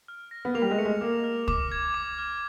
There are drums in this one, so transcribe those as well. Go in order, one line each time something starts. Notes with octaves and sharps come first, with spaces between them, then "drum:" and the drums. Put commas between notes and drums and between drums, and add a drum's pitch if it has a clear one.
F6
A#6
B3
A#3 F7
G3
G#3
A3 C#7
G#3
A#3 D6
F6
D6, drum: kick
G#6
D6
F6